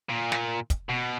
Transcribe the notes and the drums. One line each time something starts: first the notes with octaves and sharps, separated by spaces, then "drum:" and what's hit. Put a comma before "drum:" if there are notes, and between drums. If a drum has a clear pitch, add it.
A#2
drum: snare
drum: kick, hi-hat
B2